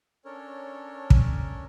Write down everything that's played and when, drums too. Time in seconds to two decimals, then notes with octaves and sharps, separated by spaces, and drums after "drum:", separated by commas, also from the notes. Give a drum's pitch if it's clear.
0.25 C#4 D4 A4 A#4 C#5
1.10 drum: kick